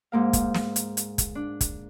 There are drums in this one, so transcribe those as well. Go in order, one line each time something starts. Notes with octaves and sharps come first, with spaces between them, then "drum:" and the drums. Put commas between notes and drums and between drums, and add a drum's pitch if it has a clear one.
G#2 A#3 F5
drum: kick, hi-hat
drum: snare
drum: hi-hat
drum: hi-hat
drum: kick, hi-hat
D4
drum: kick, hi-hat